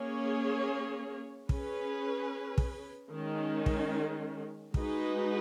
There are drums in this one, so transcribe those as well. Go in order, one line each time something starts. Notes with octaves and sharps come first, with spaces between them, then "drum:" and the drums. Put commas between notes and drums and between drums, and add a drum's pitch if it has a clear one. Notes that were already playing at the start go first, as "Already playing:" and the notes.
Already playing: A#3 C#4 G#4 C#5
C#4 G#4 B4, drum: kick
drum: kick
D#3 G#3 C#4
drum: kick
G#3 D#4 F#4 B4, drum: kick